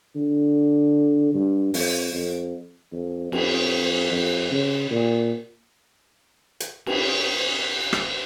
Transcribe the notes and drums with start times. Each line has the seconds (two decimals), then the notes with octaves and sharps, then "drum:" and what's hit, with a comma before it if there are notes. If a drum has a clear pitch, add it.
0.15 D3
1.34 G2
1.74 F2, drum: open hi-hat
2.14 F2
2.93 F2
3.32 F2, drum: cymbal
4.12 F2
4.51 C#3
4.91 A#2
6.60 drum: hi-hat
6.86 drum: cymbal
7.93 drum: rim click